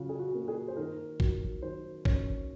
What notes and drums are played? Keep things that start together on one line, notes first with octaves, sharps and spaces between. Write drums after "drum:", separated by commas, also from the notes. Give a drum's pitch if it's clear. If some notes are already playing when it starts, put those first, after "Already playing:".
Already playing: C#3 F#3 F4 F#4
G#4
F#4
A#3
G#4
C5
D#3 A#4
F#3, drum: kick G#1
D#3 C5
C#4, drum: kick G#1